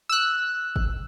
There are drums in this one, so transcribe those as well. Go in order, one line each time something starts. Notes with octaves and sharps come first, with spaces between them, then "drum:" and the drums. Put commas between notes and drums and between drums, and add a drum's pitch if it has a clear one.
E6 F#6
drum: kick